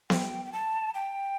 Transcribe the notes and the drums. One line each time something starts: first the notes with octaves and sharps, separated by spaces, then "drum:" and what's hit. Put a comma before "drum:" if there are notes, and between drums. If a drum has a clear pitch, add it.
G5, drum: snare B3
G5
A5
G5